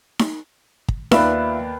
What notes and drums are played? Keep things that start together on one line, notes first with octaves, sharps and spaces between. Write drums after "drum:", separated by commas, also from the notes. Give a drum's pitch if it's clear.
drum: snare D#4
drum: kick
D#2 F4 B4 D5 E5 F5 E7, drum: snare D#4